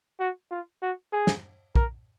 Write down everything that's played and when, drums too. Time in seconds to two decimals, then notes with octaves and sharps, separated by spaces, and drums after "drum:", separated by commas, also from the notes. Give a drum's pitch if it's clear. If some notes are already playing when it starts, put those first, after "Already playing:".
0.20 F#4
0.51 F4
0.82 F#4
1.13 G#4
1.27 drum: snare
1.75 A#4, drum: kick